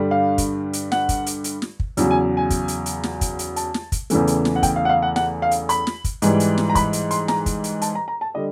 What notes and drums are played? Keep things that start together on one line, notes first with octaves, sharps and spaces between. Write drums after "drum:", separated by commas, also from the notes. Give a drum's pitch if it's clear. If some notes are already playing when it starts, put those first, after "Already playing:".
Already playing: G2 D3 G3
F5
drum: kick, hi-hat
drum: hi-hat
F#5, drum: snare
drum: kick, hi-hat
drum: hi-hat
drum: hi-hat
drum: snare
drum: kick
E2 C#3 F#3, drum: hi-hat
G#5
G#5
drum: kick, hi-hat
drum: hi-hat
drum: hi-hat
drum: snare
drum: kick, hi-hat
drum: hi-hat
A5, drum: hi-hat
drum: snare
drum: kick, hi-hat
E2 C#3 E3 A3, drum: hi-hat
drum: hi-hat
drum: snare
F#5
G5, drum: kick, hi-hat
F5
F#5
F5
F#5
F#5, drum: snare
F5
drum: hi-hat
B5, drum: hi-hat
drum: snare
drum: kick, hi-hat
G#2 E3 G3, drum: hi-hat
drum: hi-hat
drum: snare
A#5
B5, drum: kick, hi-hat
drum: hi-hat
C6, drum: hi-hat
A#5, drum: snare
drum: kick, hi-hat
drum: hi-hat
A5, drum: hi-hat
A#5
A#5
A5
D3 G3 D#5